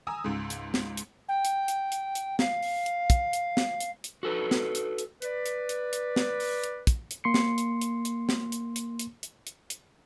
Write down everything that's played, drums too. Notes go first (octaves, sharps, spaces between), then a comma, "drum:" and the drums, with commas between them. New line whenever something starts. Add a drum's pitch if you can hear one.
G#5 A#5 D#6 E6
C#2 G#2
drum: hi-hat
drum: snare
drum: hi-hat
G5
drum: hi-hat
drum: hi-hat
drum: hi-hat
drum: hi-hat
F5, drum: snare
drum: open hi-hat
drum: hi-hat
drum: kick, hi-hat
drum: hi-hat
drum: snare
drum: hi-hat
drum: hi-hat
F#4 A4 B4
drum: snare
drum: hi-hat
drum: hi-hat
B4 D5, drum: hi-hat
drum: hi-hat
drum: hi-hat
drum: hi-hat
drum: snare
drum: open hi-hat
drum: hi-hat
drum: kick, hi-hat
drum: hi-hat
A#3 C6 C7 C#7
drum: snare
drum: hi-hat
drum: hi-hat
drum: hi-hat
drum: snare
drum: hi-hat
drum: hi-hat
drum: hi-hat
drum: hi-hat
drum: hi-hat
drum: hi-hat